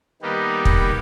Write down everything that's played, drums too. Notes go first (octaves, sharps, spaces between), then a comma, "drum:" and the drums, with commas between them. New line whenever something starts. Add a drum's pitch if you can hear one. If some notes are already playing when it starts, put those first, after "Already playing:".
D#3 G3 A#3 B3 D#4 G4
drum: kick